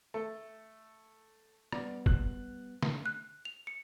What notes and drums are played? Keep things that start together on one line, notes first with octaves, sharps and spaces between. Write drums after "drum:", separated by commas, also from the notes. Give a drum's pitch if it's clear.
A3 A4
G3 B3 D5, drum: rim click
F#6, drum: kick
drum: snare
F#6
F7
C#7